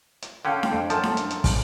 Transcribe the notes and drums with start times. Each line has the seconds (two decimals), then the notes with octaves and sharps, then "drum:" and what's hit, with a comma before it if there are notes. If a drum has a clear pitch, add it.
0.22 drum: hi-hat
0.45 D3 C#4 A4 F5 G5
0.63 drum: snare D4
0.72 F2
0.90 F#2 F3 A4 A5, drum: hi-hat
1.03 drum: snare D4
1.17 drum: hi-hat
1.30 drum: hi-hat
1.44 drum: kick, open hi-hat